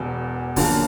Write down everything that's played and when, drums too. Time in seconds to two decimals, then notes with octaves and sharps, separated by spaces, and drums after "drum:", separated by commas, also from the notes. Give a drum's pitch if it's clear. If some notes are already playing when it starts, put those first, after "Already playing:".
Already playing: E1 E2 B2
0.56 F#2 D3 F3 A#3, drum: kick, open hi-hat